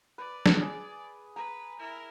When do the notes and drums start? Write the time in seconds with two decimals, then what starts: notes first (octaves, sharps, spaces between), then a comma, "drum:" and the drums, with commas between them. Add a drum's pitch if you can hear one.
0.18 B4 D5
0.46 drum: snare
0.61 G#4
1.36 B4 A#5
1.79 E4 A#4